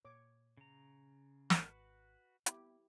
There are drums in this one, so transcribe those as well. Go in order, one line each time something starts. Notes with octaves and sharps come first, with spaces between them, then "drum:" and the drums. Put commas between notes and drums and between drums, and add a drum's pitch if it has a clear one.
A#2 C#5 D6
C#3 A#5
G#1 F#4 B4, drum: snare
B3 E4 G4, drum: hi-hat